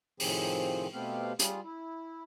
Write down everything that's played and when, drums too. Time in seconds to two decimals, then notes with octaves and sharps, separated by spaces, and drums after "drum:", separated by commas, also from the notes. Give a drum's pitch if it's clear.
0.20 A2 C3 D#3 F3 C4 G#4, drum: open hi-hat
0.93 B2 A3 B3 C4 G4 F5
1.39 G3 F4 G#4, drum: hi-hat
1.64 E4